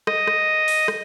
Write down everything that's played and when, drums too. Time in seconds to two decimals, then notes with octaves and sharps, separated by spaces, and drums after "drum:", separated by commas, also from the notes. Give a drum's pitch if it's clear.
0.07 D#5, drum: rim click
0.27 drum: rim click
0.68 drum: open hi-hat
0.88 drum: rim click